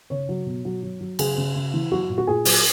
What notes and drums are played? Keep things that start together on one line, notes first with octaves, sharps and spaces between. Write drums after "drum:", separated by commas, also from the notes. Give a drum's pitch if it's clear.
C#3 C#5
F#3
B2
F#3
F#3
F#3
C#3 G#4, drum: cymbal
C#3
C#3
E3
F#3 F#4
A#2
F#4
A#2 G#4
F#3, drum: open hi-hat